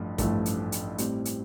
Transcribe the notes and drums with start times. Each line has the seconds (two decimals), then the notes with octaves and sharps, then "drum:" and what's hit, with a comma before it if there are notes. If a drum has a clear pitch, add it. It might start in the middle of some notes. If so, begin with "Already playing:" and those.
Already playing: A1 G2 F3 A3
0.18 A1 G2 F3 A3, drum: kick, hi-hat
0.46 drum: hi-hat
0.72 drum: hi-hat
0.98 A2 G3 C4, drum: hi-hat
1.25 drum: hi-hat